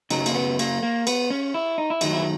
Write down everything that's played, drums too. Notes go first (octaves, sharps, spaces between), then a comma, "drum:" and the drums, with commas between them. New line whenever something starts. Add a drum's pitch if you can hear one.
F#2 C#3 F#3 D#4, drum: cymbal
A#3, drum: cymbal
B3
A#3, drum: cymbal
A#3
B3, drum: cymbal
C#4
E4
D#4
E4
F#2 D#3 F#3 D#4, drum: cymbal
E4